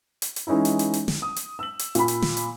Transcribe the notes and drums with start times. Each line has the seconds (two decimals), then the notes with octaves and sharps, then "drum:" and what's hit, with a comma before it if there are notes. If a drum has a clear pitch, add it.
0.22 drum: hi-hat
0.36 drum: hi-hat
0.47 E3 G#3 C#4 D#4 E4
0.65 drum: hi-hat
0.79 drum: hi-hat
0.94 drum: hi-hat
1.08 drum: snare
1.22 D#6
1.36 drum: hi-hat
1.59 E6 F#7
1.79 drum: hi-hat
1.95 A#2 B5, drum: hi-hat
2.08 drum: hi-hat
2.22 drum: snare
2.37 drum: hi-hat